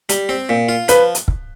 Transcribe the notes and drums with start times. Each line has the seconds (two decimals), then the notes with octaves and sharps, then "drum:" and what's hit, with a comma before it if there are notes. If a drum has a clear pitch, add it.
0.09 G3, drum: hi-hat
0.29 C4
0.49 A#2
0.69 F4
0.88 F3 B4, drum: hi-hat
1.15 drum: hi-hat
1.28 drum: kick